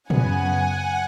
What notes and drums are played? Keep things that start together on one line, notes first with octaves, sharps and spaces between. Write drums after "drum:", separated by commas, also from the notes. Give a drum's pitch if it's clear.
F#2 C#3 F#3 B3 F#5 G#5, drum: tom A2